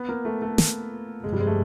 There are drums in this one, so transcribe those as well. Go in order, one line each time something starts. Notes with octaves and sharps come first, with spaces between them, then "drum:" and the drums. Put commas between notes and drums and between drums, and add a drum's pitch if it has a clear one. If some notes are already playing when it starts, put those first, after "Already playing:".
Already playing: B3
A#3
A3
A3
drum: snare
G1 F2 C3 G#3
G3
G#3
A3